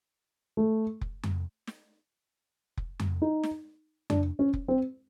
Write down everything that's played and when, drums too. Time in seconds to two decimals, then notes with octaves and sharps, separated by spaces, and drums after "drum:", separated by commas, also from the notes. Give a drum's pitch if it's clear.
0.57 A3
1.01 drum: kick F1
1.23 drum: tom F2
1.67 drum: snare
2.77 drum: kick F1
2.99 drum: tom F2
3.22 D#4
3.44 drum: snare
4.10 D4, drum: tom F2
4.39 C#4
4.54 drum: kick F1
4.68 C4